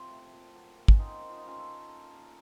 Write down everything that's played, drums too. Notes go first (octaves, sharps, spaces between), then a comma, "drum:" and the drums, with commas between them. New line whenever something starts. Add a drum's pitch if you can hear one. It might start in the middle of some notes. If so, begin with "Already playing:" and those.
Already playing: C3 F3 C4
A3
A#2
F#3
A#2
C#4, drum: kick
A#2 C4 D#4
A#2
F4
D#4
A3 C#4 F4
F4 A4
A3
A#3
A#2